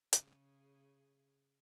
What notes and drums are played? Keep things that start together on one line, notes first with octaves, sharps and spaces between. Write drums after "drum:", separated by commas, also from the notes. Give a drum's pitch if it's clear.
C#3 G#4, drum: hi-hat